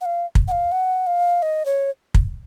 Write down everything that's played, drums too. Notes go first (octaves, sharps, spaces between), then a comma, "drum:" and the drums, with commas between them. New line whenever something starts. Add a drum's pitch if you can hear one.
F#5
F5
drum: kick
F#5
F5
F#5
F5
D#5
C#5
drum: kick